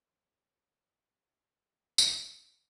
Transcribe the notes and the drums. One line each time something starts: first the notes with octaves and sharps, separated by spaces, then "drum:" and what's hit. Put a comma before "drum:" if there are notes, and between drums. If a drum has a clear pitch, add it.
D#1 D#2 A3 C4 A#4 C6
drum: tambourine